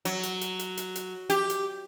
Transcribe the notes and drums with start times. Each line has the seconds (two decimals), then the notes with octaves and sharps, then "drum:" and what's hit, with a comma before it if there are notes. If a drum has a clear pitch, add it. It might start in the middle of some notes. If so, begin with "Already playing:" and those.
0.05 F#3, drum: hi-hat
0.23 drum: hi-hat
0.41 drum: hi-hat
0.59 drum: hi-hat
0.77 drum: hi-hat
0.95 drum: hi-hat
1.30 G4, drum: hi-hat
1.50 drum: hi-hat